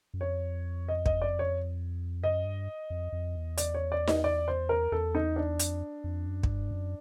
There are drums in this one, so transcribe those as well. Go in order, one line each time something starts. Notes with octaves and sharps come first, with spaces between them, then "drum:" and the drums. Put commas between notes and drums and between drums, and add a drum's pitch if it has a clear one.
F#2
F2 C#5
D#5
D#5, drum: kick
D5
C#5
F#2 D#5
G2
F2
F2
E2
D5, drum: hi-hat
C#5
D5
D#5, drum: snare D#4
D5
C5
A#4
E2 A4
D#4
D4
F2, drum: hi-hat
F2
F#2
G#2, drum: kick
G2
F#2